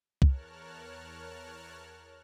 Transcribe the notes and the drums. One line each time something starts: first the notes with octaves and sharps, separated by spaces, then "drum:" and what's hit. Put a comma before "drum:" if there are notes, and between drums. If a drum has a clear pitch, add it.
E2 A#4 C#5 A5 F6 F#6, drum: kick C2